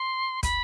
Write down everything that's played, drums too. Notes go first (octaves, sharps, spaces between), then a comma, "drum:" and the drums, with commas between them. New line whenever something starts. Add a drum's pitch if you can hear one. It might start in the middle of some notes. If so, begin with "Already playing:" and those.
Already playing: C6
B5, drum: kick, hi-hat